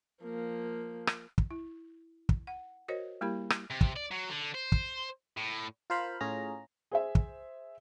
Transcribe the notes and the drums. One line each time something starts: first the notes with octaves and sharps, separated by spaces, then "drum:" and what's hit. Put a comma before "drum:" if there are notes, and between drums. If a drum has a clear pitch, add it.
F3 A#3
drum: rim click
drum: kick
E4
drum: kick
F#5
F#4 A#4 C5 C#5 D#5
G3 A#3 E4 G4 A#4 B5
drum: rim click
C3
drum: kick
D5
F#3
D3
C5
drum: kick
A2
F4 A#4 C5 F5 B5
A2 C#4 F4 G#4 A#5
G#4 C5 E5
drum: kick